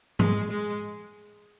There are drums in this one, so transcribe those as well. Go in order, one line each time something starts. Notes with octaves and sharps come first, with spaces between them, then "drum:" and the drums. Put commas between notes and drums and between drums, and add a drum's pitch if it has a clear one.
G#3, drum: tom
G#3